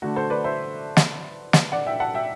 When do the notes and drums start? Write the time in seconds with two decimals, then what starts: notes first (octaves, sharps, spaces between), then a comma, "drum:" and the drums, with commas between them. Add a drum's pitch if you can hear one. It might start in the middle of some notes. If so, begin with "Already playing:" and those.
0.02 D3 A3 F#4
0.16 A4 C5
0.30 B4 D5
0.44 C5 E5
0.97 drum: snare
1.53 drum: snare
1.72 D5 F#5
1.87 E5 G5
2.00 F#5 A5
2.14 E5 G5